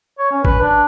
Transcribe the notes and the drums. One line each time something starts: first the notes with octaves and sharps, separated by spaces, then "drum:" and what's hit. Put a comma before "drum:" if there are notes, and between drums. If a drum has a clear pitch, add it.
C#5
C#4
B4, drum: kick A1
D4